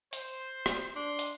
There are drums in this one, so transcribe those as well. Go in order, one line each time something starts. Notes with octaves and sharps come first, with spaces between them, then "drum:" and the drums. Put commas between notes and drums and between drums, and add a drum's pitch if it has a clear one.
C5, drum: hi-hat
drum: rim click
D4 C6
drum: hi-hat